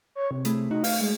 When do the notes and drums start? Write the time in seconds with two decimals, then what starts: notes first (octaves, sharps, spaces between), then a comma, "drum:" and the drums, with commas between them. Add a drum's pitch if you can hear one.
0.15 C#5
0.31 C3
0.45 A3 E4 G#4, drum: hi-hat
0.71 D#4 F#4
0.84 F5, drum: open hi-hat
1.01 G#3